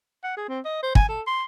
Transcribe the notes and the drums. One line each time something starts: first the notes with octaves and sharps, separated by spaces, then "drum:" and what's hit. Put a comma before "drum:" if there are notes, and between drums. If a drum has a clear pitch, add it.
F#5
G#4
C4
D#5
C5
G#5, drum: kick
A4
C6